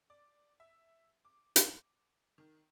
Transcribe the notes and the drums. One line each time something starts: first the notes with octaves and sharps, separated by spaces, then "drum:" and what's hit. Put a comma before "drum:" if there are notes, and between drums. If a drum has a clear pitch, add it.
D5
E5
D6
drum: hi-hat
D#3